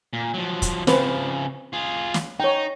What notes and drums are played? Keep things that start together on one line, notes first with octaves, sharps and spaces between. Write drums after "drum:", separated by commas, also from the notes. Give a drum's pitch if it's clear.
A#2
F3 F#3
drum: kick, hi-hat
C#3 F3 C4 B4 C5, drum: snare
F4 G#4
drum: snare
D#4 C#5 G5